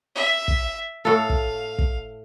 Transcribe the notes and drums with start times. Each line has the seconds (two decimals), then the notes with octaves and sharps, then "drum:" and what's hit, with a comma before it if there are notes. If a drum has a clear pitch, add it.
0.15 E5
0.48 drum: kick
1.05 A2 A4 F5
1.30 drum: kick
1.79 drum: kick